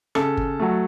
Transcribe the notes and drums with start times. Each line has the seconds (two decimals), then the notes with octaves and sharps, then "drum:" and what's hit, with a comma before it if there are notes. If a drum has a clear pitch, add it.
0.15 C#3 A4, drum: rim click
0.37 drum: kick G1
0.60 F#3 A3